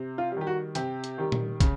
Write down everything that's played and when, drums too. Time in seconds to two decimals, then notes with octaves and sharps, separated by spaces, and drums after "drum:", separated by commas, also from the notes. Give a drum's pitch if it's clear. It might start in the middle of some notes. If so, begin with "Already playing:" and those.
Already playing: C3
0.18 F4
0.32 G3
0.37 D#3 G4
0.47 F#4
0.75 C3 G4, drum: hi-hat
1.04 drum: hi-hat
1.18 D#3 G3
1.32 drum: tom A#2
1.60 C#3, drum: kick, hi-hat